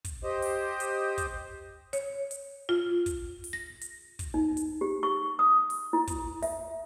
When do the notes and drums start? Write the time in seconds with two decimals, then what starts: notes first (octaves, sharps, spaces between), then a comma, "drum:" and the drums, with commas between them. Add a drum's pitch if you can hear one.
0.05 drum: kick, hi-hat
0.23 G4 C5 D#5
0.42 drum: open hi-hat
0.80 drum: hi-hat
1.18 drum: kick, hi-hat
1.93 C#5, drum: hi-hat
2.31 drum: hi-hat
2.69 F4
3.06 drum: kick, hi-hat
3.44 drum: open hi-hat
3.53 A#6
3.81 drum: hi-hat
4.19 drum: kick, hi-hat
4.34 D#4
4.57 drum: hi-hat
4.81 G4
5.03 C#6
5.39 D#6
5.70 drum: open hi-hat
5.93 E4
6.08 drum: kick, hi-hat
6.43 E5, drum: open hi-hat